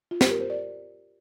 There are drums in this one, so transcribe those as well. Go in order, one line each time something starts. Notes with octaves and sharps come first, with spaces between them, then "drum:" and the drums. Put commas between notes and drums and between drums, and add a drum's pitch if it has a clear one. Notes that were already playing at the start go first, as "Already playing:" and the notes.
F4
G4, drum: snare
A#4
C5
D5